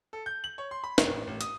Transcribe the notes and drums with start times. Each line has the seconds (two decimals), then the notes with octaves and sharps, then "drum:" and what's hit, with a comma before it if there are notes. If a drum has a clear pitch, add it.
0.13 A4
0.26 G6
0.44 F#7
0.58 C#5
0.71 C6
0.84 B5
0.98 F1, drum: snare
1.10 A1
1.27 A1
1.41 D#6, drum: hi-hat